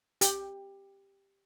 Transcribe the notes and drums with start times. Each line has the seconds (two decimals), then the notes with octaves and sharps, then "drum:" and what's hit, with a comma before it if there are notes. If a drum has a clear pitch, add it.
0.21 G4, drum: hi-hat